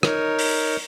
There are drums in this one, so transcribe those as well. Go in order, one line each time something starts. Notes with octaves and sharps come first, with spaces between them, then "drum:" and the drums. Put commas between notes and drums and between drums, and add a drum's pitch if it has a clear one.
D#4 A#4 C#5, drum: rim click
drum: open hi-hat